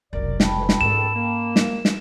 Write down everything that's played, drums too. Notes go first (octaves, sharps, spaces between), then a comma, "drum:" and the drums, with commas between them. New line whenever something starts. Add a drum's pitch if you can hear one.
F1 B1 F#2 A#4 D5
G5 A5 B5, drum: snare
D2 E3
drum: snare
C#2 G#2 D#3 C#4 A4 E7
A#3
drum: snare
drum: snare